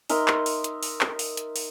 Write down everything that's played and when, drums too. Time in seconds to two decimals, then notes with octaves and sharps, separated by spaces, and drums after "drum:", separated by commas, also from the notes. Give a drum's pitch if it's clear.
0.10 D#4 A#4 E5 C6, drum: open hi-hat
0.28 drum: clap
0.46 drum: open hi-hat
0.64 drum: hi-hat
0.83 drum: open hi-hat
1.01 drum: clap
1.19 drum: open hi-hat
1.37 drum: hi-hat
1.56 drum: open hi-hat